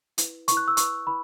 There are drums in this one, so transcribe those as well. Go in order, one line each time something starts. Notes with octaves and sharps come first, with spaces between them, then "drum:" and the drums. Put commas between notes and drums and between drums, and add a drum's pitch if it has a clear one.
E4 B4, drum: hi-hat
E4 B4 C#6, drum: hi-hat
F#6
E6
E4 B4 C#6, drum: hi-hat
E4 B4 B5